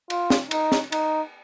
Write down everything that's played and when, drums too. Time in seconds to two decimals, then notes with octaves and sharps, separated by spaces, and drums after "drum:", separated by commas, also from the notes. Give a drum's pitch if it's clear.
0.10 F4, drum: cymbal
0.30 drum: snare
0.51 D#4, drum: cymbal
0.72 drum: snare
0.92 D#4, drum: cymbal